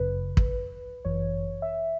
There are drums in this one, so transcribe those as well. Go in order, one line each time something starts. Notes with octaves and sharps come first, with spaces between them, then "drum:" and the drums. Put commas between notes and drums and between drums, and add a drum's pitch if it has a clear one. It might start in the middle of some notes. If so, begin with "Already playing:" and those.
Already playing: G1 F#2 C#3 B4
drum: kick
G1 F#2 E3 C#5
E5